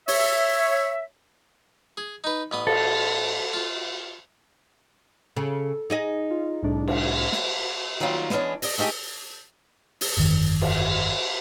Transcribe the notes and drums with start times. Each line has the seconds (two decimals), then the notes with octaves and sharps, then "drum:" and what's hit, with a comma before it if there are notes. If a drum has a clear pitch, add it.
0.08 C#5 E5, drum: open hi-hat
1.97 G#4
2.24 D#4 B4
2.51 A1 B3 D#6
2.67 A4, drum: cymbal
3.53 F4
5.36 C#3 A4
5.90 D#4 G#4 D#5
6.31 F4
6.62 C2 A2 D4
6.88 drum: cymbal
7.32 drum: snare
8.00 D#3 F#3 G3 A#3 F4
8.30 E3 G#3 B3 C#4 D4, drum: snare
8.62 D5 D#5, drum: open hi-hat
8.78 G#3 A3 D#4 G4 G#4
10.01 drum: open hi-hat
10.17 G1 F2 D#3
10.61 drum: cymbal